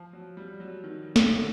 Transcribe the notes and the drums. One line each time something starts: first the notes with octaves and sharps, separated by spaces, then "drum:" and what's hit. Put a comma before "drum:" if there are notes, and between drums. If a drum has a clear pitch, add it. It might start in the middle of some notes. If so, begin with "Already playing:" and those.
Already playing: F3
F#3
G3
F#3
D#3
drum: snare
D3